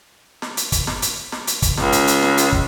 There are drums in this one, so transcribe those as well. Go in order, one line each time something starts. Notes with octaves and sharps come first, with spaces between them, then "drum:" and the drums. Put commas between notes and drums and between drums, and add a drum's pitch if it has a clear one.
drum: snare
drum: hi-hat
drum: kick, hi-hat
drum: snare
drum: hi-hat
drum: snare
drum: hi-hat
drum: kick, hi-hat
C#2, drum: snare
drum: hi-hat
drum: hi-hat
drum: snare
drum: hi-hat
drum: kick